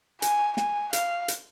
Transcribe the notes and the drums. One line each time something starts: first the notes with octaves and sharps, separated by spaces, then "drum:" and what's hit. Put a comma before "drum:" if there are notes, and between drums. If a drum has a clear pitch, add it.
G#5, drum: hi-hat
G#5, drum: snare
F5, drum: hi-hat
drum: hi-hat